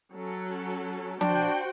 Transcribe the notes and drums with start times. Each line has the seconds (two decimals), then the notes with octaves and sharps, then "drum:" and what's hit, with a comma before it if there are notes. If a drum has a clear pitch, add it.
0.13 F#3 C#4 A4
1.21 D4 F#4 C5 G5, drum: tom F3